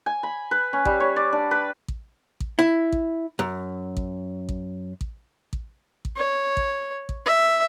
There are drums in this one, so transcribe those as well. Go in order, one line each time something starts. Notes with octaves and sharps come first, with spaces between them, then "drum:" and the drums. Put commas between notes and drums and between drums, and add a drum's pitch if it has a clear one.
G#5
B5
B4
C#4
G3, drum: kick A1
C#5
D5
D4
B4
drum: kick A1
drum: kick A1
E4
drum: kick A1
F#2
drum: kick A1
drum: kick A1
drum: kick A1
drum: kick A1
drum: kick A1
C#5
drum: kick A1
drum: kick A1
E5